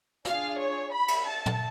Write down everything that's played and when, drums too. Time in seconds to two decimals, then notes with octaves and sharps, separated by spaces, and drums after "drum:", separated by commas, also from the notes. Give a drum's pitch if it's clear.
0.25 D4 F4 G#4 F5, drum: snare
0.59 C#5
0.93 B5
1.08 drum: cymbal
1.27 A5
1.46 drum: tom